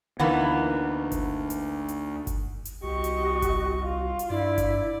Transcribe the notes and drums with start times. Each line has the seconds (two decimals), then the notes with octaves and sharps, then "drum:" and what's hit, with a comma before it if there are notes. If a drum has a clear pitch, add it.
0.20 D2 E3 A#3 B3 D#4 F#5
1.12 drum: kick G1, hi-hat
1.50 drum: hi-hat
1.88 drum: hi-hat
2.27 drum: kick G1, hi-hat
2.65 drum: hi-hat
2.83 C2 F#4 G4 D#5 C#6
3.04 drum: hi-hat
3.42 drum: kick G1, hi-hat
3.81 F4
4.19 drum: hi-hat
4.30 G2 E4 D5
4.58 drum: kick G1, hi-hat